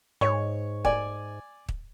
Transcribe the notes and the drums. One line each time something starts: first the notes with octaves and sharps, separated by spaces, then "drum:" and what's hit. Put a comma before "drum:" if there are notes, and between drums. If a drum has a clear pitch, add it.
G#2 C#5
D5 G#5, drum: kick
drum: kick